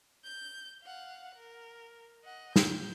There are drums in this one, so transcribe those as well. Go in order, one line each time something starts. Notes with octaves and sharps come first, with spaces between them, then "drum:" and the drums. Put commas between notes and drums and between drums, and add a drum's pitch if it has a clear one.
G6
F5 F#5
A#4
D#5 F#5
G6, drum: snare